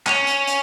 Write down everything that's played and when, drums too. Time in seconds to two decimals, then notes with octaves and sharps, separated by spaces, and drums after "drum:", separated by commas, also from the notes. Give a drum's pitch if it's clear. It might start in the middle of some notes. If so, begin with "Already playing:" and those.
0.07 C#4, drum: clap
0.27 drum: hi-hat
0.47 drum: hi-hat